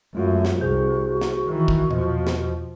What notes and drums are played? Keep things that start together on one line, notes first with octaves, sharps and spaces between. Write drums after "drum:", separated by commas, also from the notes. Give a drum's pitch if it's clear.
F#2 G#3 A3 F4 F#4
drum: snare
C2 F#4 G#4 C5 G6
drum: snare
D#3 E3
drum: kick
E2 B2 F3 D#5, drum: tom A#2
drum: snare